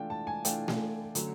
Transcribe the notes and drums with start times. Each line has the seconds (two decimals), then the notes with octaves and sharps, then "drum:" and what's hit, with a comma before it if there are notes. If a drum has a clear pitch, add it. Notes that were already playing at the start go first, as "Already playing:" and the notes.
Already playing: E3 A3 D4 F4 G5
0.10 A5
0.27 G#5
0.45 E3 A3 D4 F4 G5, drum: hi-hat
0.68 drum: snare A3
1.15 D3 F#3 A3 C#4, drum: hi-hat